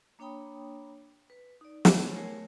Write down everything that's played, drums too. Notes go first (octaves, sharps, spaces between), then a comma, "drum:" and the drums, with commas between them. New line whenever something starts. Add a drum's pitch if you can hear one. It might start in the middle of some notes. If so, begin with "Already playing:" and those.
A#3 D4 C#5 G5 B5 D#6
B4
D#4 D5
A3 E4 C5 C#5 G#5 B5, drum: snare
A3 G#4 A#4 C#5 G#5